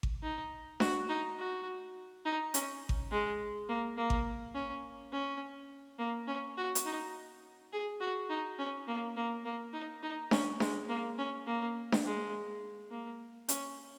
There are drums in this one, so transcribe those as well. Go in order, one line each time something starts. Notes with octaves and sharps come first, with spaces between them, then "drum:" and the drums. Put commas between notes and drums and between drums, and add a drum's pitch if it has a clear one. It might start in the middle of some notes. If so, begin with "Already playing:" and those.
drum: kick G#1
D#4
F#4, drum: snare D4
D#4
F#4
D#4
C#4, drum: hi-hat
drum: kick G#1
G#3
A#3
A#3
drum: kick G#1
C#4
C#4
A#3
C#4
F#4
drum: hi-hat
D#4
G#4
F#4
D#4
C#4
A#3
A#3
A#3
D#4
D#4
C#4, drum: snare D4
G#3, drum: snare D4
A#3
C#4
A#3
drum: snare D4
G#3
A#3
C#4, drum: hi-hat